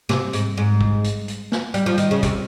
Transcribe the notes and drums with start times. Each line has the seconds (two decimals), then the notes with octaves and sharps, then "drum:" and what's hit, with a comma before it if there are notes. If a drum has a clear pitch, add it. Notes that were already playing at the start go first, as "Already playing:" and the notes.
0.09 C3, drum: snare
0.33 G#2, drum: hi-hat
0.57 G#2
0.81 drum: kick
1.04 drum: hi-hat
1.28 drum: hi-hat
1.52 drum: snare
1.74 G3, drum: hi-hat
1.86 F3
1.98 D#3, drum: hi-hat
2.11 C#3
2.23 C3, drum: kick, hi-hat